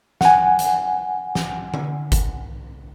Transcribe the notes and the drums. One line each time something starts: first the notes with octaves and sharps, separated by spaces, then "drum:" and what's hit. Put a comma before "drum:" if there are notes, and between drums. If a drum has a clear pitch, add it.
F#5 G#5, drum: snare
drum: hi-hat
drum: snare
drum: tom D3
drum: kick G1, hi-hat